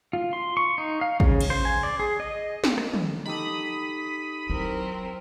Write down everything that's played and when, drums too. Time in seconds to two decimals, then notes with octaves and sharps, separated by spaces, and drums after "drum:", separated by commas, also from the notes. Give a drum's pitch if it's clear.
0.13 F4
0.33 C6
0.57 C#6
0.78 D#4
1.01 F5
1.20 C#3, drum: kick A1
1.41 drum: cymbal
1.50 C5
1.65 G#5
1.83 D5
2.00 G#4
2.20 D#5
2.64 drum: snare
2.78 drum: rim click
2.94 drum: tom
3.26 D#4 G4 A4 B5 D#6
4.50 F#3 C4 E4 A#4